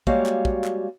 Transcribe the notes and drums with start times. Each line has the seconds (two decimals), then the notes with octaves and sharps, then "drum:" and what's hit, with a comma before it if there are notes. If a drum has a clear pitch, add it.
0.07 G3 G#3 A#3 F#4 C#5 F5, drum: kick
0.26 drum: clap
0.45 drum: kick
0.64 drum: clap